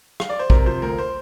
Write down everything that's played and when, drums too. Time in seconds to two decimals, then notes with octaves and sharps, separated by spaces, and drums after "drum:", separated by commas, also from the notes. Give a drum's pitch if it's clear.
0.20 F5, drum: rim click
0.29 D5
0.39 C5
0.50 C3 A#4, drum: kick
0.66 F3 C5
0.82 D2 A#4
0.98 C5